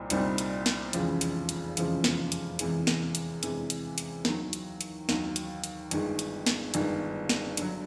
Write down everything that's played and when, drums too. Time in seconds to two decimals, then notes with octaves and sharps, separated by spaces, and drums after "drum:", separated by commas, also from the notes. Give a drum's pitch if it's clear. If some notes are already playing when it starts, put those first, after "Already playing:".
Already playing: C2 A#2 G3 C4 D#4
0.10 C2 A#2 G3 C4 D#4, drum: hi-hat
0.38 drum: hi-hat
0.66 drum: snare
0.93 F1 E2 C#3 F3 G#3, drum: hi-hat
1.21 drum: hi-hat
1.49 drum: hi-hat
1.77 F1 E2 C#3 F3 G#3, drum: hi-hat
2.04 drum: snare
2.32 drum: hi-hat
2.59 E2 C3 E3 G#3, drum: hi-hat
2.87 drum: snare
3.15 drum: hi-hat
3.43 E2 C3 E3 G#3, drum: hi-hat
3.70 drum: hi-hat
3.98 drum: hi-hat
4.25 D#2 D#3 F#3, drum: snare
4.53 drum: hi-hat
4.81 drum: hi-hat
5.09 D#2 D#3 F#3, drum: snare
5.36 drum: hi-hat
5.64 drum: hi-hat
5.91 G1 G2 D#3 G#3, drum: hi-hat
6.19 drum: hi-hat
6.47 drum: snare
6.74 G1 G2 D#3 G#3, drum: hi-hat
7.29 drum: snare
7.57 G2 D3 F#3, drum: hi-hat